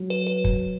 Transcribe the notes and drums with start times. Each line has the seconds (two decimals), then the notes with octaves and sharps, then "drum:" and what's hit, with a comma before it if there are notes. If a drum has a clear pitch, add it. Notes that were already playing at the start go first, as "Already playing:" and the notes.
Already playing: F#3
0.10 B4
0.27 B4
0.44 drum: kick